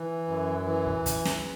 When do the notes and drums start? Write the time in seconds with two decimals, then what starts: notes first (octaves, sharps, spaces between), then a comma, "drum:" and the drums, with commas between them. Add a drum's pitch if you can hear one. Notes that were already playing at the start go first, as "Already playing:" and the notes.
Already playing: E3
0.28 F#2
0.66 E3
0.86 drum: kick
1.06 drum: kick, hi-hat
1.25 drum: snare